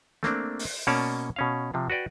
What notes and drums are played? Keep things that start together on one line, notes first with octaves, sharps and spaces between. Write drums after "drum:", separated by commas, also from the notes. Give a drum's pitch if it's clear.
A3 A#3 C4 D4, drum: snare
drum: open hi-hat
B2 A#3 C#4 C#5 D5 A5
B2 C#4 F5
C3 F3 F4
F#4 B4 D5 G5